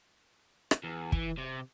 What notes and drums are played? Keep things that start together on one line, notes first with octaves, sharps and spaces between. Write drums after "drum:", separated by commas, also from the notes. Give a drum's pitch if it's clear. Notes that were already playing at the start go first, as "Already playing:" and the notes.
drum: rim click
E2
E3, drum: kick
C3